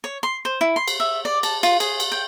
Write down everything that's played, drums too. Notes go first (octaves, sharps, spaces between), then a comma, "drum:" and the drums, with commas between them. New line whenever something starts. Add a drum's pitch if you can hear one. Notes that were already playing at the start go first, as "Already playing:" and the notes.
C#5
C6
C5
E4
C6
drum: cymbal
E5
D5
A5, drum: cymbal
F4, drum: cymbal
G#4, drum: cymbal
drum: cymbal
G5